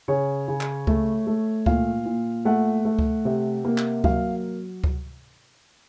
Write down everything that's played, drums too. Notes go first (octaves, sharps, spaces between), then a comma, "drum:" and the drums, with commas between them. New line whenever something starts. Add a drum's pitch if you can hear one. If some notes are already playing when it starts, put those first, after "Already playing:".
C#3 C#5
C#3
drum: clap
A3, drum: kick C#2
A3
A#2 F5, drum: kick C#2
A#2
A3 F#5
A3
drum: kick C#2
C3
A#3
drum: clap
F#3 F5, drum: kick C#2
drum: kick C#2